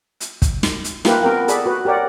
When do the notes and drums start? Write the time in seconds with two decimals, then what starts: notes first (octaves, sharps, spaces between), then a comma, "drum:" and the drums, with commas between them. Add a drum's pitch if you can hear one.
0.20 drum: hi-hat
0.42 drum: kick, hi-hat
0.63 drum: snare
0.84 drum: hi-hat
1.05 A#3 E4 F4 G4 A#4 B4, drum: snare
1.23 B3 C4 A#4 G5
1.48 G#4 A4 D5 B5, drum: hi-hat
1.66 F#4 B4
1.85 G4 A#4 C#5 D5 F#5